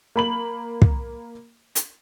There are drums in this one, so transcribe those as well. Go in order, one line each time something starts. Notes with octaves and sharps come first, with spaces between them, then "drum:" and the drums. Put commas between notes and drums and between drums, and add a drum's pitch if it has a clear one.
A#3 B5 F#7
drum: kick
drum: hi-hat